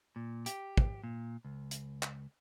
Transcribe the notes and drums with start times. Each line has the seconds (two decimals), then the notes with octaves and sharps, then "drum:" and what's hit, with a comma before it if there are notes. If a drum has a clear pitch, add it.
0.16 A#2
0.46 G4, drum: hi-hat
0.77 drum: kick
1.04 A#2
1.45 C#2
1.71 drum: hi-hat
2.03 drum: clap